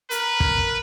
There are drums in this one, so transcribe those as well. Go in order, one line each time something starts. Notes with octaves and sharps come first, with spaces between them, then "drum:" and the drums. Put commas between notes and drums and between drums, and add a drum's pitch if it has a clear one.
A#4 B4, drum: hi-hat
drum: kick